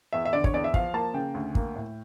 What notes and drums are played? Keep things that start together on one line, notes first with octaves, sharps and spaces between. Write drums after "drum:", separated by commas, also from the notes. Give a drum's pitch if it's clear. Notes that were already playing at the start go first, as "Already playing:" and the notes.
E2 E5
E5
D3 D5
C#5, drum: kick
E2 D5
E5
F3 F5, drum: kick
A#3 A5
C#3 G5
D2
A#3, drum: kick
A2